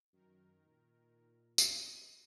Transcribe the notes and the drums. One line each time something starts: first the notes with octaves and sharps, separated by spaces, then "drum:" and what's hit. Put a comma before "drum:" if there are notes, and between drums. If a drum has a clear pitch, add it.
F#2 D#3 A#4
A#2
B4 D#5, drum: tambourine